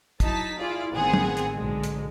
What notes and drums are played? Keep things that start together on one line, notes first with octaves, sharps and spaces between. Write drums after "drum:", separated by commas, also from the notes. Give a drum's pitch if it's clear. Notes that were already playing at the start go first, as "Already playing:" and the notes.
F#3 D#4 E4 A5 B6, drum: kick, hi-hat
E4 F4 G#4 D5
A1 D#3 B3 C4 G#4 F#5
drum: tom F#3
drum: hi-hat
B1 G#2 D3 G#3
drum: hi-hat